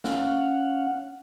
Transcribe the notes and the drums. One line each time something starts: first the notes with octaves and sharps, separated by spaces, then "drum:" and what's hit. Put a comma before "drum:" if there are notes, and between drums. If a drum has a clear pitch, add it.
C#4 F5 F#5, drum: snare